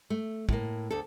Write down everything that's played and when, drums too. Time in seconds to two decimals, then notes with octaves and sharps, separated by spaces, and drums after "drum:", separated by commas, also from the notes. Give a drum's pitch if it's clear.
0.10 A3
0.49 A2 A#3, drum: kick
0.91 D2 A4